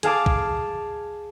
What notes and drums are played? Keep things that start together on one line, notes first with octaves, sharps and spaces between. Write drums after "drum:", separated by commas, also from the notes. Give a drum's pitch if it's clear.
G#4 F5 A5 D6, drum: hi-hat
drum: kick